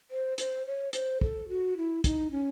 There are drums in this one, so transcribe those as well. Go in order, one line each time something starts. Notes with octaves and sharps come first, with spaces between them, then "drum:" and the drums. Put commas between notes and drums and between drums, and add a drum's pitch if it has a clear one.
C5
C5, drum: hi-hat
C#5
C5, drum: hi-hat
A4, drum: kick
F#4
E4
D#4, drum: kick, hi-hat
C#4